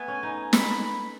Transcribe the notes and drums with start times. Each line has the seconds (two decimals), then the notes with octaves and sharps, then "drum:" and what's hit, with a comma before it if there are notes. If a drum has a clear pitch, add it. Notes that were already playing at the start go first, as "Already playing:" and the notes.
Already playing: A3 B3 G#5
0.08 C#4
0.23 D#4
0.53 B5, drum: snare
0.82 B5